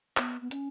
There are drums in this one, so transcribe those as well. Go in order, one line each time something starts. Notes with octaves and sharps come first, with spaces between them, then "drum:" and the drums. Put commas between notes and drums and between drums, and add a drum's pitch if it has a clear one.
B3, drum: clap
B3
C#4, drum: hi-hat